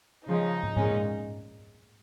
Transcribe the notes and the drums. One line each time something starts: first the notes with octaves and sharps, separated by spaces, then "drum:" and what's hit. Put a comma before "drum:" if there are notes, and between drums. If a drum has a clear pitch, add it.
C#3 F3 G#3 D#4
drum: tom
A#2 G#3 C#4, drum: tom G#2